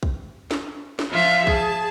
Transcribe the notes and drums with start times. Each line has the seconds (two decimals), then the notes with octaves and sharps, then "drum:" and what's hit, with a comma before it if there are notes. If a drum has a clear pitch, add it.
0.03 drum: kick
0.51 drum: snare
0.99 drum: snare
1.11 F3 F4 E5 F5
1.47 G#4 A5, drum: kick